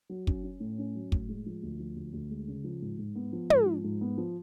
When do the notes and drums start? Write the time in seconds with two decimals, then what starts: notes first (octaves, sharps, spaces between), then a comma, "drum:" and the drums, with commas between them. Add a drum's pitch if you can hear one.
0.09 F#3
0.27 C#4, drum: kick
0.43 C#4
0.60 A2
0.78 C#4
0.95 F#3
1.12 A2, drum: kick
1.29 G#3
1.46 F3
1.63 D2
1.80 F3
1.96 D2
2.13 D2
2.31 G#3
2.48 C#3
2.64 F3
2.82 G#2
2.99 G#2
3.15 B3
3.33 F3
3.50 G#2, drum: tom
3.66 F3
3.84 G#2
4.01 B3
4.18 F3